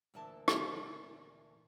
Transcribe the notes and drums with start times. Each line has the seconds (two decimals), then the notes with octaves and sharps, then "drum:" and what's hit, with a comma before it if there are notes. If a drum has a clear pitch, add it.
0.14 D2 A#2 E3 A#3 E5 A5
0.48 drum: rim click